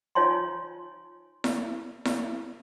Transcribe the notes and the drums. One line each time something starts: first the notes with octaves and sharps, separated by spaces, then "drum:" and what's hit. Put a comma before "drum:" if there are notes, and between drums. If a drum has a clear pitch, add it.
D#4 F4 C#5 G#5 A5 C6
drum: snare E4
drum: snare E4